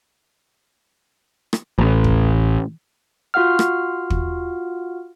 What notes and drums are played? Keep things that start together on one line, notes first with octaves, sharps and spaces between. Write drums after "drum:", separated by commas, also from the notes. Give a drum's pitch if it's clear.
drum: rim click
A1
drum: kick
F4 F#4 F5 F#5 F6
drum: rim click
drum: kick